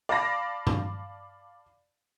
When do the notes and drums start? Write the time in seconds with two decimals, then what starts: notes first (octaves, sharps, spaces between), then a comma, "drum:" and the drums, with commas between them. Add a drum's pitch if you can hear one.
0.09 D5 F5 A5 B5 A#6
0.67 drum: tom G2